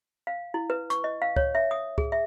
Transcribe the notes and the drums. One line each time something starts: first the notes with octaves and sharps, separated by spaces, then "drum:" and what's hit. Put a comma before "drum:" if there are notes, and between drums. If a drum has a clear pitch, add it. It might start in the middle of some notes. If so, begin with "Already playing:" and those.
F5
E4
B4
C#6, drum: hi-hat
D#5
F5
C#5, drum: kick C#2
E5
D#6
G#4, drum: kick C#2
E5